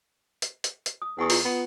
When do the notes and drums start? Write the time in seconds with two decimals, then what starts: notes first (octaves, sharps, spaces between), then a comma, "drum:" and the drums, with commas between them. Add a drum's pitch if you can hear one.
0.42 drum: hi-hat
0.64 drum: hi-hat
0.86 drum: hi-hat
1.02 D#6
1.19 E2 F#5 C#6 D#6
1.30 F4 A#5, drum: open hi-hat
1.45 B3